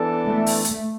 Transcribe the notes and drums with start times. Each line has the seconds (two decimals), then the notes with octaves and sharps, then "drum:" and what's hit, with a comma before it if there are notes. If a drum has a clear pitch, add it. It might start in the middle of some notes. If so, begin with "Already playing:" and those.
Already playing: E3 B3 D4 A4
0.28 A3
0.46 drum: open hi-hat
0.65 drum: hi-hat